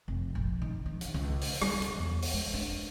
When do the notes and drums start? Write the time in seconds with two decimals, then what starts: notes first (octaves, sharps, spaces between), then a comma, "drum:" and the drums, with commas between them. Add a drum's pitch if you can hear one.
0.08 F1
0.35 A#1
0.62 D#3
0.86 D#3
1.01 drum: hi-hat
1.14 C#2
1.41 drum: open hi-hat
1.62 G3, drum: rim click
1.82 drum: hi-hat
1.98 E2
2.22 drum: open hi-hat
2.33 G#3
2.54 D4